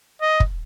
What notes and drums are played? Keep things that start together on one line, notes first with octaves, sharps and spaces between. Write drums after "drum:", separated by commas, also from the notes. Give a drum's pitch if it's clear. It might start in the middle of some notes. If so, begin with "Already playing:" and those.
D#5
drum: kick